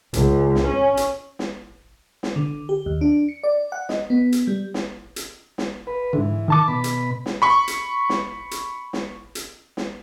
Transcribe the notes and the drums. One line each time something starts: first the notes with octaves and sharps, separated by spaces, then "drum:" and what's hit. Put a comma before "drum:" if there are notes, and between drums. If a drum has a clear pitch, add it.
C#2, drum: hi-hat
drum: snare
C#4
drum: hi-hat
drum: snare
drum: snare
D3
G4
D#2
D4
C#7
D5
F#5
D#5, drum: snare
B3
drum: hi-hat
G3
drum: snare
drum: hi-hat
drum: snare
B4
G#2 D3 E3
D#3 A5 D6
B2 B5
drum: hi-hat
drum: snare
B5 C#6
drum: hi-hat
drum: snare
drum: hi-hat
drum: snare
drum: hi-hat
drum: snare